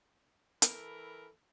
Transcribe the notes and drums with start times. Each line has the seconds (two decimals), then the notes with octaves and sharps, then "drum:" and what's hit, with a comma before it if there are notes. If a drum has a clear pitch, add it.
0.62 E3 A4 A#4 B5, drum: hi-hat